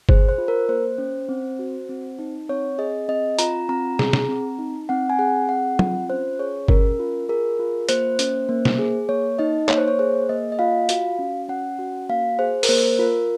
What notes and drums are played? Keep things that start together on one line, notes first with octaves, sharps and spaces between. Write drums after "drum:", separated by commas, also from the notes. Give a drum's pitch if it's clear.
G#4 C5, drum: kick G1
C5
F4
A#4
A#3 C5
C#4
C4
F#4
C4
D#4
C4 C#5
G#4 D#5
C4 D#5
F4 A#5, drum: hi-hat
C4 A#5
G#4, drum: snare
drum: snare
C4
D#4
C4 F#5
G#5
G#4 F#5
C4 F#5
F4, drum: tom F#3
C#4 C5
G#4 C#5
C#4 A#4, drum: kick G1
F4
G#4 A#4
F4
A#3 C5, drum: hi-hat
C#4, drum: hi-hat
A#3
drum: snare
G#4
A#3 C#5
D#4 D#5
A#3 C#5, drum: clap
C5
C#5
G#4 C5
A#3 D#5
D#5
F4 F5
F#4, drum: hi-hat
C#4
C#4 F#5
F#4
A#3 F5
G#4 C5
A#4, drum: open hi-hat
A#3 C5
F4 A#4